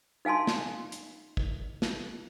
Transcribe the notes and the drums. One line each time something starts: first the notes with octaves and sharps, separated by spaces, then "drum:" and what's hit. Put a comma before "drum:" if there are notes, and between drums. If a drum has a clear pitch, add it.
D#4 F5 G#5 A5 C6
drum: snare
drum: hi-hat
drum: kick
drum: snare